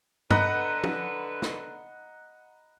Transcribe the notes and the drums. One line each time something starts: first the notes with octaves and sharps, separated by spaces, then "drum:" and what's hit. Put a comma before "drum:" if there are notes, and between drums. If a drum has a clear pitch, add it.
D3 B4 D#5 F#5 A#5 B5, drum: tom G2
drum: tom
drum: snare